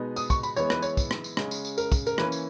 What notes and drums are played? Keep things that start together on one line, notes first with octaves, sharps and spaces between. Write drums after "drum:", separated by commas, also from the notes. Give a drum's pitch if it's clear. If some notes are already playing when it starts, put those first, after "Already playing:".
Already playing: B2 G#3 B3 D#4
D#6, drum: tambourine
C#6, drum: kick, tambourine
B5, drum: tambourine
E3 G#3 B3 C#5, drum: tambourine
B4, drum: rim click
C#5, drum: tambourine
drum: kick, tambourine
drum: rim click
drum: tambourine
C#3 G#3 C#4, drum: rim click
drum: tambourine
drum: tambourine
A#4, drum: tambourine
drum: kick, tambourine
A#4, drum: tambourine
E3 A#3 C#4 B4, drum: rim click
drum: tambourine